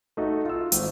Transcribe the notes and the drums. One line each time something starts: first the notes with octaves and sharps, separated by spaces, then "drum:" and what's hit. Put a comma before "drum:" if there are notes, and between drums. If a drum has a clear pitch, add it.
A3 D#4 F#4
F4 E6
G#1, drum: hi-hat